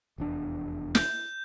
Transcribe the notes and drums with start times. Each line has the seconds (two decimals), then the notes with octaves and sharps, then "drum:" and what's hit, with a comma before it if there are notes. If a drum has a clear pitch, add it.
0.18 F1 E2 D4
0.95 G6, drum: snare